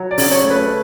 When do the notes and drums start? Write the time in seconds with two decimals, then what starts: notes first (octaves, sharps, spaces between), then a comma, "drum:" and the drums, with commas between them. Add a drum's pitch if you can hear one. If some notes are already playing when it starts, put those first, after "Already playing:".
Already playing: F#3
0.11 D5
0.18 C#3, drum: open hi-hat
0.31 C#5
0.44 A3
0.50 B4